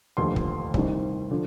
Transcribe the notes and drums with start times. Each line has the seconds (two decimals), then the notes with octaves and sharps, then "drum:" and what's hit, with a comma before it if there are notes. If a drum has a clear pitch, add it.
0.17 F1 D#2 D3 F3 C6
0.36 drum: kick
0.74 C2 C3 D#3, drum: kick
1.31 D3 F3